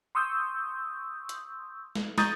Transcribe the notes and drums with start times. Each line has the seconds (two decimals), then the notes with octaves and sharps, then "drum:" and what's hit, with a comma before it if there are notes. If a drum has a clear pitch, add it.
0.15 C6 C#6 D#6 E6 G6
1.29 drum: hi-hat
1.95 drum: snare
2.18 A#5 C#6 D#6 G6 A6, drum: snare